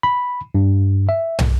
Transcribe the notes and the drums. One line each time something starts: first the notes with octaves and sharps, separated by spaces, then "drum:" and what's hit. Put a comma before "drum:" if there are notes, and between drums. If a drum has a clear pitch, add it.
B5
G2
E5
drum: tom